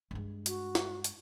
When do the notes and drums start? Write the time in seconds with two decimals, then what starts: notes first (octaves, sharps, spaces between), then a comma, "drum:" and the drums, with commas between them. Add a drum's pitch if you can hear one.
0.11 G2 G#3
0.46 F#4, drum: hi-hat
0.75 drum: snare
1.04 drum: hi-hat